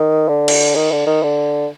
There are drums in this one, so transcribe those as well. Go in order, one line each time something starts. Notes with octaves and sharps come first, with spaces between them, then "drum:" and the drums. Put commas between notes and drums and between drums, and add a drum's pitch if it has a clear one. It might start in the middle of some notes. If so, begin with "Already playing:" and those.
Already playing: D#3
D3
drum: cymbal
D#3
D3
D#3
D3